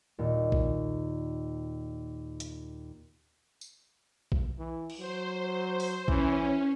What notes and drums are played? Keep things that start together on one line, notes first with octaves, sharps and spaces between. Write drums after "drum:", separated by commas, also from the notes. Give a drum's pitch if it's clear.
D#2 A#2
drum: kick A#1
drum: hi-hat
drum: tambourine
drum: kick A#1
E3
drum: cymbal
F#3 C5
drum: open hi-hat
E3 C#4, drum: kick A#1